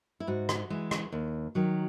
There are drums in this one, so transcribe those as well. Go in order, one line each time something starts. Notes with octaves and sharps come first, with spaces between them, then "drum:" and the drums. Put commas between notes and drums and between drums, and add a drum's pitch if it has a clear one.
E4
G#2 F#4
drum: rim click
E3 G#3
drum: rim click
D#2
D#3 F#3